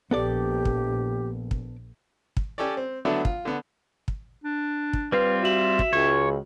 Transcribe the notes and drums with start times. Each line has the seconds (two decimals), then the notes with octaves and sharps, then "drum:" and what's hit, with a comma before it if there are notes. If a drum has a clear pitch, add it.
0.11 A#1 B3 G4 A4 D5
0.65 drum: kick
1.51 drum: kick
2.37 drum: kick
2.58 C#4 G4 A4 C#5 D5
2.77 C4
3.05 D3 F#3 A3 B3 D4 E4
3.25 F4, drum: kick
3.45 D3 B3
4.08 drum: kick
4.44 D4
4.93 drum: kick
5.12 G3 C4 F4 B4
5.43 F#4 E5 F#7
5.79 drum: kick
5.93 C#2 C#5